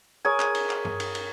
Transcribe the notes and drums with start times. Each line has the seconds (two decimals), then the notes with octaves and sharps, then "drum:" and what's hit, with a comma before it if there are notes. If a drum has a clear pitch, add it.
0.25 G#4 A#4 C#5 G#5
0.40 drum: clap
0.55 drum: cymbal
0.70 drum: clap
0.85 drum: tom G2
1.00 drum: cymbal
1.15 drum: cymbal